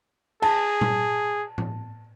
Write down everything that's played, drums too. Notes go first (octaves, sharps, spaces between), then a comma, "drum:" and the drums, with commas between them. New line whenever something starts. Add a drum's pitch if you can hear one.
G#4 A5, drum: cymbal
drum: tom A#2
drum: tom A2